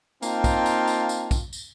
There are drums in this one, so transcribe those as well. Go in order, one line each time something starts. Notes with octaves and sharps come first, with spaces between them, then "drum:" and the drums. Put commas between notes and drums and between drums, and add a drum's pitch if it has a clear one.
A#3 C4 D#4 F4 G5 A5, drum: tambourine
drum: kick, tambourine
drum: tambourine
drum: tambourine
drum: tambourine
drum: kick, tambourine
drum: tambourine